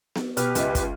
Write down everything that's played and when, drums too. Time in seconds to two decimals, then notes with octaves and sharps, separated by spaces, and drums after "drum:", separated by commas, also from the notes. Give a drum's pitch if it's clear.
0.16 drum: snare B3
0.37 B2 G4 B4 F6, drum: hi-hat
0.55 C#2 G#3 E5, drum: hi-hat
0.75 drum: kick, hi-hat